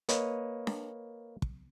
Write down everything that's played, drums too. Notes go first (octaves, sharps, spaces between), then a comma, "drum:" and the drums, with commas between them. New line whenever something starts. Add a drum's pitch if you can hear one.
A#3 B4 C#5 D#5, drum: hi-hat
drum: snare D4
drum: kick